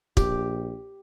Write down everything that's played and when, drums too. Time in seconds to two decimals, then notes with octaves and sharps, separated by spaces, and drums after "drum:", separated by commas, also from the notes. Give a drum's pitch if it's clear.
0.17 A#1 G4, drum: kick